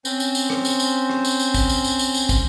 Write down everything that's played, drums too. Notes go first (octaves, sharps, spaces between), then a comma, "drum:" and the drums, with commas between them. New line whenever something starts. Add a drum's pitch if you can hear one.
C4 C#4 C5, drum: tambourine
drum: tambourine
drum: tambourine
drum: rim click
drum: tambourine
drum: tambourine
drum: rim click
drum: tambourine
drum: tambourine
drum: kick, tambourine
drum: tambourine
drum: tambourine
drum: tambourine
drum: tambourine
drum: kick, tambourine